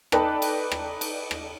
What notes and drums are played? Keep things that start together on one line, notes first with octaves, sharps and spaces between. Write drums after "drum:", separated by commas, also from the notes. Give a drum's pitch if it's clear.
D#4 A4 B4 D5 G5 A5, drum: rim click
drum: cymbal
drum: rim click
drum: cymbal
drum: rim click